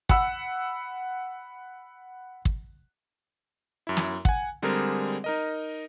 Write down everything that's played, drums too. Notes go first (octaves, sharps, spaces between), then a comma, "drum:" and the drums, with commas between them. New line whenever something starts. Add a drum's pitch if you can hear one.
F#5 B5 E6, drum: kick
drum: kick
F#2 E4
drum: snare
F#5 G#5, drum: kick
D3 G3 G#3 C4 G#4 A#4
D#4 A#4 D#5